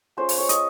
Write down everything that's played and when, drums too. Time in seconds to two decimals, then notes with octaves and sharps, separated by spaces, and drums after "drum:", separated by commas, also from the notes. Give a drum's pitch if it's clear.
0.17 G#3 C#4 F4 C5
0.29 drum: open hi-hat
0.38 C#5
0.49 D#5, drum: hi-hat